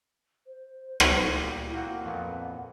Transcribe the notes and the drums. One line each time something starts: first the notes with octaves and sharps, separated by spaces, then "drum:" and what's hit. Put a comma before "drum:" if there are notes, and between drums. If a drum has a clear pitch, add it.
C5
drum: rim click
A#2 G3 E4 F#4
A#3 C4 F#4 F#5
F2 A#2 B3